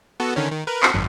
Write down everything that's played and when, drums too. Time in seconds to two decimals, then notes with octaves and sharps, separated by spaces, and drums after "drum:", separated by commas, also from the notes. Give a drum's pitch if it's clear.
0.20 B3 F#4 A4
0.36 D3 D#3 C#4
0.51 D#3
0.67 A#4 B4
0.83 C4 F#4, drum: clap
0.94 G#1 F#2